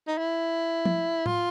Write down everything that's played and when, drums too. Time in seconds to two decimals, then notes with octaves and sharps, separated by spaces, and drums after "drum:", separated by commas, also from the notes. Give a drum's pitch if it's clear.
0.07 D#4
0.18 E4
0.85 drum: tom
1.26 F4, drum: tom A2